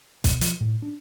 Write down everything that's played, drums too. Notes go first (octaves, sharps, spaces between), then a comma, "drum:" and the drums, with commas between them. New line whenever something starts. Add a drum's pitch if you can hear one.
B2, drum: kick, hi-hat
F3, drum: hi-hat
A2
D4